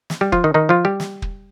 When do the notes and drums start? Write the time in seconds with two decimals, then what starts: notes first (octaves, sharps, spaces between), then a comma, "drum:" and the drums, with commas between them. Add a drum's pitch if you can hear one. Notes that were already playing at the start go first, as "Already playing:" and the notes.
0.10 drum: snare
0.21 G3 G4
0.32 F3 F4, drum: kick
0.44 D#3 D#4
0.54 D#3 D#4
0.69 F3 F4
0.85 G3 G4
1.00 drum: snare
1.22 drum: kick